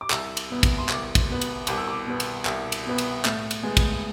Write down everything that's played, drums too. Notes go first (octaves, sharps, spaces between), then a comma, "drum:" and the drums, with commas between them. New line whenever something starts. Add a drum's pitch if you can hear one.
D6
C2 E6, drum: clap
drum: cymbal
B2 B3
drum: kick, cymbal
C6
C2 D6, drum: clap
drum: kick, cymbal
B2 B3
drum: cymbal
C2 D6, drum: cymbal
E6
D6
B2 B3
drum: cymbal
C2, drum: clap
drum: cymbal
B2 B3
drum: cymbal
A2, drum: clap
drum: cymbal
G#3 B3
drum: kick, cymbal